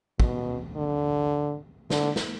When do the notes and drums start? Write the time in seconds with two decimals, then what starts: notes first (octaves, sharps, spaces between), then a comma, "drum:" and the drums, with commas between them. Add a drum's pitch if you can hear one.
0.20 B2, drum: kick
0.76 D3
1.90 D3, drum: snare
2.16 drum: snare